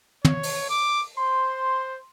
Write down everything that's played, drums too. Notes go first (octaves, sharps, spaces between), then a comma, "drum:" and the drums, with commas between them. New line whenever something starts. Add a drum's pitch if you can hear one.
C#5, drum: tom
drum: open hi-hat
D6
C5 C6